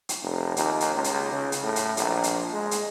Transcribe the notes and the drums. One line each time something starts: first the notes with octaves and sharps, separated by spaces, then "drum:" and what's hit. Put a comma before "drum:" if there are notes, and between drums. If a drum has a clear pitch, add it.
drum: hi-hat
F1
D#2, drum: hi-hat
drum: hi-hat
C#2
drum: hi-hat
C#3
drum: hi-hat
A2
drum: hi-hat
A#1, drum: hi-hat
drum: hi-hat
G#3
drum: hi-hat